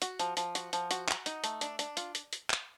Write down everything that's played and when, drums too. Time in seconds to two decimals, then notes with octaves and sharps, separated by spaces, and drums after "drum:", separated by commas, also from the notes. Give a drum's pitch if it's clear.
0.02 F#4, drum: hi-hat
0.19 F3, drum: hi-hat
0.37 F3, drum: hi-hat
0.55 F#4, drum: hi-hat
0.73 F3, drum: hi-hat
0.91 F#4, drum: hi-hat
1.08 F#4, drum: clap
1.26 D#4, drum: hi-hat
1.44 A3, drum: hi-hat
1.61 D4, drum: hi-hat
1.79 D4, drum: hi-hat
1.97 F4, drum: hi-hat
2.15 drum: hi-hat
2.33 drum: hi-hat
2.50 drum: clap